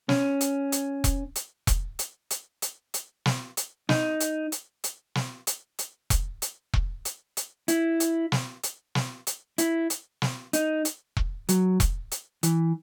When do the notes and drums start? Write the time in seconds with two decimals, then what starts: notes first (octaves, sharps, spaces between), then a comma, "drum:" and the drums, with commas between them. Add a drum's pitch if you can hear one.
0.09 C#4, drum: snare
0.41 drum: hi-hat
0.72 drum: hi-hat
1.04 drum: kick E1, hi-hat
1.36 drum: hi-hat
1.67 drum: kick E1, hi-hat
1.99 drum: hi-hat
2.31 drum: hi-hat
2.62 drum: hi-hat
2.94 drum: hi-hat
3.26 drum: snare
3.57 drum: hi-hat
3.89 D#4, drum: snare
4.20 drum: hi-hat
4.52 drum: hi-hat
4.84 drum: hi-hat
5.15 drum: snare
5.47 drum: hi-hat
5.79 drum: hi-hat
6.10 drum: kick E1, hi-hat
6.42 drum: hi-hat
6.74 drum: kick E1
7.05 drum: hi-hat
7.37 drum: hi-hat
7.68 E4, drum: hi-hat
8.00 drum: hi-hat
8.32 drum: snare
8.64 drum: hi-hat
8.95 drum: snare
9.27 drum: hi-hat
9.58 E4, drum: hi-hat
9.90 drum: hi-hat
10.22 drum: snare
10.53 D#4, drum: hi-hat
10.85 drum: hi-hat
11.17 drum: kick E1
11.49 F#3, drum: hi-hat
11.80 drum: kick E1, hi-hat
12.12 drum: hi-hat
12.43 E3, drum: hi-hat